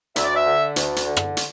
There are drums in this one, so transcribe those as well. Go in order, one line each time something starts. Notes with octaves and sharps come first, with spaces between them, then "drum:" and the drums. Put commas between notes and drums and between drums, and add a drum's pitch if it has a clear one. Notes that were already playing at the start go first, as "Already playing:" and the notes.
D2 E5, drum: hi-hat
D5
E5
D3
D2, drum: hi-hat
drum: hi-hat
D3
drum: rim click
drum: hi-hat